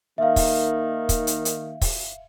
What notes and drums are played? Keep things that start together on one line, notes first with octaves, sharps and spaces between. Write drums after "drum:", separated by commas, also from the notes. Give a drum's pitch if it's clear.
D#3 A#3 E5 F5
drum: kick, open hi-hat
drum: kick, hi-hat
drum: hi-hat
drum: hi-hat
drum: kick, open hi-hat